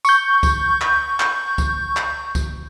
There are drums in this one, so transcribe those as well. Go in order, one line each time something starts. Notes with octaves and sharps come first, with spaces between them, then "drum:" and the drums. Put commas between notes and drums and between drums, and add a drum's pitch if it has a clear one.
C#6 G6, drum: tambourine
drum: kick C#2, tambourine
drum: clap
drum: clap
drum: kick C#2, tambourine
drum: clap
drum: kick C#2, tambourine